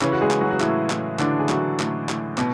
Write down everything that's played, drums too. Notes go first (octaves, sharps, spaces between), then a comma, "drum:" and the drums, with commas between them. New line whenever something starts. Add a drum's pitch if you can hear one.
C#3 E3 C#4, drum: clap
F#4
G#3 G#4
E3, drum: clap
F#3 F#4
F#4
A2 E3 E4, drum: clap
A2, drum: clap
D3 E3 D4, drum: clap
G#4
E3 F#3 F#4, drum: clap
A2, drum: clap
A2, drum: clap
B2, drum: clap